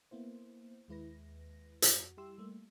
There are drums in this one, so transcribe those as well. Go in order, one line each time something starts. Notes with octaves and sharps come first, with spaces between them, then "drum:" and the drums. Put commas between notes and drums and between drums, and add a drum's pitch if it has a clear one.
A#3 B3 E4 C5
D#2 G#3 E4 B4 A#6
F2 F#4, drum: hi-hat
G3 E4 G4 C6 E6
G3 A3 A#3